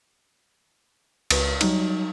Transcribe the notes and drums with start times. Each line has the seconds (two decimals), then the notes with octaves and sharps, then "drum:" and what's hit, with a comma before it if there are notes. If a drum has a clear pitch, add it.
1.30 C#2 B4, drum: cymbal
1.61 F#3 G3 D#4, drum: cymbal